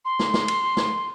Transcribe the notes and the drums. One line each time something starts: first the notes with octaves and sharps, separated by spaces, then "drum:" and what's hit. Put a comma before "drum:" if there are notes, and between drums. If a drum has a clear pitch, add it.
C6
drum: snare
drum: snare
drum: cymbal
drum: snare